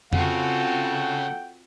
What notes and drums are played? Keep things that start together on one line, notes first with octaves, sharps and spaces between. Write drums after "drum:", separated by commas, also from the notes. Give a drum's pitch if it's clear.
C#3 C4 F4 F#4 A4 F#5 G5, drum: tom F2